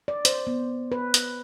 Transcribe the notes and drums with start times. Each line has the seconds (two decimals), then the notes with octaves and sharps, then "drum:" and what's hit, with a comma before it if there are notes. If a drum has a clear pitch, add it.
0.08 D5
0.25 C5, drum: hi-hat
0.47 B3
0.92 B4
1.14 drum: hi-hat